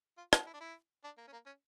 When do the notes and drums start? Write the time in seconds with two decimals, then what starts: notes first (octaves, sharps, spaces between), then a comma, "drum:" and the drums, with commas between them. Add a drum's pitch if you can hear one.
0.18 F4
0.33 F4, drum: rim click
0.47 E4
0.54 D4
0.61 E4
1.05 D4
1.18 A#3
1.28 C#4
1.32 A#3
1.47 C#4